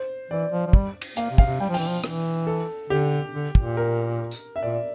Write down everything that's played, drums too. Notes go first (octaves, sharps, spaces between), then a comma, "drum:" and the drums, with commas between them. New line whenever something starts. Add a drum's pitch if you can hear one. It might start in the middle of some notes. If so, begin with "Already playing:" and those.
Already playing: C5
E3 D5
F3
F3
G3, drum: kick
drum: cymbal
A#3 F5, drum: hi-hat
C3
F5, drum: kick
C3
G3 G5
F3
E3 G5, drum: open hi-hat
F3
E3, drum: rim click
A4
D3 G4
D3
A#2, drum: kick
A#4
drum: tambourine
E5
A#2 D5